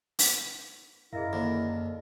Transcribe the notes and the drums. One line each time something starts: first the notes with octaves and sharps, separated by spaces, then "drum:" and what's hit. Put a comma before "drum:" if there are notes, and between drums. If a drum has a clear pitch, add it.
drum: open hi-hat
F#2 E4 G#4 A#4 D#5 F5
D#2 D3